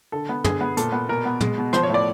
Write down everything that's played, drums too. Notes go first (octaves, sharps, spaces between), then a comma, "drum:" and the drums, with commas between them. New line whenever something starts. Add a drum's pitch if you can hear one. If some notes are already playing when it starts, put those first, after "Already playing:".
D3 A4
B3
D3 G#4, drum: tom
B3
A#2 A4, drum: hi-hat
B3
B2 A#4
B3
G#3, drum: tom
B2
F3 C5, drum: rim click
C#5
A2
D5